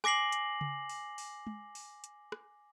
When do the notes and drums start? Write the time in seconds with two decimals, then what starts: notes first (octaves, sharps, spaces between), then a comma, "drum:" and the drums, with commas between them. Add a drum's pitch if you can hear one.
0.04 G#5 D6 A#6 C7 F#7, drum: rim click
0.32 drum: hi-hat
0.61 drum: tom C#3
0.90 drum: open hi-hat
1.18 drum: open hi-hat
1.47 drum: tom G#3
1.75 drum: open hi-hat
2.04 drum: hi-hat
2.32 drum: rim click